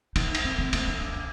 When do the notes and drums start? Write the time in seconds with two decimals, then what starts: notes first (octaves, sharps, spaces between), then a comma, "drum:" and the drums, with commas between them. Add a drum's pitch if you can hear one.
0.16 D#4, drum: cymbal
0.35 drum: cymbal
0.44 C4
0.58 C4
0.73 A#3, drum: cymbal
0.88 D4
1.01 D4
1.16 D4